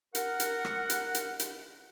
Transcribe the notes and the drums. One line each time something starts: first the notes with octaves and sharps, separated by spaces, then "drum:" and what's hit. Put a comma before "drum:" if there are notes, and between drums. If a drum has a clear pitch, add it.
A#4 F#5, drum: hi-hat
drum: hi-hat
drum: rim click
drum: hi-hat
drum: hi-hat
drum: hi-hat